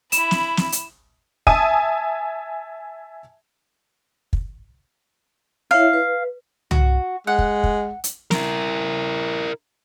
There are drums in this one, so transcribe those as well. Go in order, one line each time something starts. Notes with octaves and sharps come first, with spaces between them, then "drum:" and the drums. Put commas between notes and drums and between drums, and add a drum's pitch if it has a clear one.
E4 B5 E7, drum: hi-hat
drum: snare
drum: snare
drum: hi-hat
E5 G#5 A5 D#6 D#7, drum: kick
drum: kick
E4 C#5 E5 F5
B4
F#4, drum: tom
G#3 F#5
drum: kick
drum: kick
drum: hi-hat
E4 A#4, drum: snare